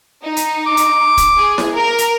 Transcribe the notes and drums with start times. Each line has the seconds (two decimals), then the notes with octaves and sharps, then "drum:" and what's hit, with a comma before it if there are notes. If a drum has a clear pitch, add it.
0.23 D#4
0.36 drum: hi-hat
0.66 D6
0.77 drum: hi-hat
1.17 drum: kick E1, hi-hat
1.38 G#4
1.58 drum: snare E4
1.75 A#4
1.98 drum: hi-hat